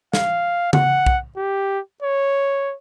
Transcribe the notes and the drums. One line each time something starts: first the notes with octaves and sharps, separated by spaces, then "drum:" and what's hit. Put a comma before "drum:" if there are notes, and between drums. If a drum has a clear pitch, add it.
F5, drum: snare
F#5, drum: tom C#3
drum: kick
G4
C#5